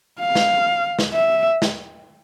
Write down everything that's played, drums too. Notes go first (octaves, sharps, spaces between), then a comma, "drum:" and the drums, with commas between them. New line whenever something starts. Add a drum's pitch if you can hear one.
F5
drum: snare
drum: snare
E5
drum: snare